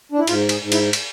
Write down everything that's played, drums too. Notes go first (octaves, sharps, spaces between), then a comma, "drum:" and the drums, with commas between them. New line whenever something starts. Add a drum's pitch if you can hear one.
D4
E4
G#2 F4, drum: cymbal
G#4, drum: cymbal
G#2
E4, drum: cymbal
drum: cymbal